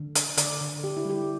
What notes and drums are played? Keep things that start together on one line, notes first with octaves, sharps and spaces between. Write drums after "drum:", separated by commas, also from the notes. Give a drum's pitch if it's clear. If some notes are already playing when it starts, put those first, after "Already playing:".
Already playing: D3
D4, drum: hi-hat
D3 D5, drum: hi-hat
D3
D3 G4
E4
G3 G4